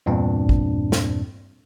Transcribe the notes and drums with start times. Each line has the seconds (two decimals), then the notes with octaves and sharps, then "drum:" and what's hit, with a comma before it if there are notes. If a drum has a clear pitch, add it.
0.06 E2 G2 A#2 C4 D4
0.49 drum: kick
0.92 drum: snare